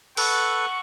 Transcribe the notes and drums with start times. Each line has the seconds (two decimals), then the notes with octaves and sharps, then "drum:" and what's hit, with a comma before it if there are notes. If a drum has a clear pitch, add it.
0.17 A4 B4 F#5 C#6, drum: cymbal